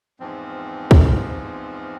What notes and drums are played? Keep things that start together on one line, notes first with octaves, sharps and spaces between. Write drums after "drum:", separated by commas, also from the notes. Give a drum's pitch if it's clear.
E2 G#2 F3 C4
drum: kick